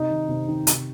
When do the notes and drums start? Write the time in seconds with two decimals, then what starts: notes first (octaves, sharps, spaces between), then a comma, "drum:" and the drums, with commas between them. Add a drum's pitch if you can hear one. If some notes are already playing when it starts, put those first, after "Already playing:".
Already playing: C3 D#4
0.10 D#3
0.29 C3
0.48 D#3
0.67 C3, drum: hi-hat